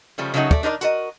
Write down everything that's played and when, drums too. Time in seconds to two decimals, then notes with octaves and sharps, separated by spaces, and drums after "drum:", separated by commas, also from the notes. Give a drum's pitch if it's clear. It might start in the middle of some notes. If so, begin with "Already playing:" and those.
0.18 C#3 F3 G3 A3
0.34 C#3 F#3 A3 C#4 D#4 F#4
0.51 A3 D5, drum: kick
0.63 D4 D#4 A#4 C5 D5
0.81 F#4 A#4 D#5, drum: hi-hat